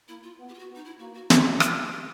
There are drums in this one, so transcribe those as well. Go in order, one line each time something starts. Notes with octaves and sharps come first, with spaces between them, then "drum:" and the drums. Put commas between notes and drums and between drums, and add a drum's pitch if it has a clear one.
A#3 E4
F4
B3
G4
F4
F#4
B3
D#4
E4
A#3 F#4
F#4
G#3 F#4, drum: snare
F3, drum: rim click
G#4
G4